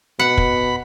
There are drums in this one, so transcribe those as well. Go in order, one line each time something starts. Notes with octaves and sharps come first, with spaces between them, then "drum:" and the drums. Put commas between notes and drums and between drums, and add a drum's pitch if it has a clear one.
B2 F#5 B5
drum: kick